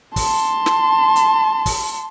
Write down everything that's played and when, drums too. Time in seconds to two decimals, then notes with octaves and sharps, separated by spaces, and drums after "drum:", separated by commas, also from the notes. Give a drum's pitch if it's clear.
0.16 A5 C6, drum: kick, open hi-hat
0.66 drum: snare
1.16 drum: hi-hat
1.66 drum: kick, open hi-hat